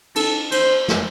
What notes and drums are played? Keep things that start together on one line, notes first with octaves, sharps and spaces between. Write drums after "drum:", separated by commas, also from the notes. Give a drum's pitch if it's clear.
A4, drum: cymbal
C5, drum: cymbal
drum: snare